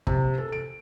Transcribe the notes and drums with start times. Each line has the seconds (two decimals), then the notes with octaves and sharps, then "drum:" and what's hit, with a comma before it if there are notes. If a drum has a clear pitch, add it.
0.07 C3, drum: kick
0.38 A4
0.52 D7